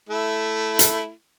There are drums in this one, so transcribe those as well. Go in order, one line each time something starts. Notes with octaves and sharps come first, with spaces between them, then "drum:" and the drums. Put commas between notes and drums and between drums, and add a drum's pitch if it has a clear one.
A3 E4
drum: hi-hat